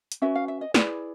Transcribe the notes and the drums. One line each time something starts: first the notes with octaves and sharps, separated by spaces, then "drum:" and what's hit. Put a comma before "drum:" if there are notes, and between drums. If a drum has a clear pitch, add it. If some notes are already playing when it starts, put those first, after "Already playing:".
drum: hi-hat
C#4 F#4 B4 E5
F5
E5
D#5
E4 G#4 B4 D5, drum: snare